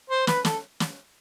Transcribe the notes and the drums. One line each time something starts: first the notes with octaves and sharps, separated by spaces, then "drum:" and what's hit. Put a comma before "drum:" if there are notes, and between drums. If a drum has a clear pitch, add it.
C5
B4, drum: snare
A4, drum: snare
drum: snare